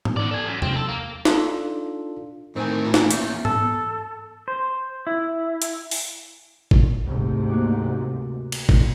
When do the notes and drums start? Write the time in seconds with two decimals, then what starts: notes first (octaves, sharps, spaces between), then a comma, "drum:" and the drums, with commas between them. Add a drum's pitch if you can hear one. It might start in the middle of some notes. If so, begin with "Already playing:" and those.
0.05 drum: tom G#2
0.17 D#3 D5
0.31 A4 G#5
0.48 F#2
0.62 C4, drum: tom E2
0.76 A4
0.89 A#3
1.25 D4 D#4 F4 A4, drum: snare
2.56 E2 A2 D#3 C4 G#5
2.85 A#2 E3
2.94 drum: snare
3.11 E2 A#3 C#4 E5, drum: hi-hat
3.45 A4, drum: tom G#2
4.48 C5
5.07 E4
5.62 drum: hi-hat
5.91 drum: open hi-hat
6.71 drum: kick G#1
7.04 D2 G#2 C3
7.50 A#3 F#4 D6
8.52 drum: cymbal
8.69 drum: kick G#1